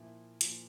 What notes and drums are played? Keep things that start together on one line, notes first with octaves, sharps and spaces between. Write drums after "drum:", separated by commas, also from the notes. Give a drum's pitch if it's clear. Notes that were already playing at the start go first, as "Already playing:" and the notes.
Already playing: A#2 F3 E4
A#2 F3, drum: hi-hat